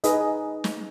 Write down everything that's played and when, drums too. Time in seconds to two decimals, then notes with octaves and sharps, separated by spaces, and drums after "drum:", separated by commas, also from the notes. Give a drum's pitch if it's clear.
0.04 D#4 G#4 B4 D#5, drum: hi-hat
0.64 drum: snare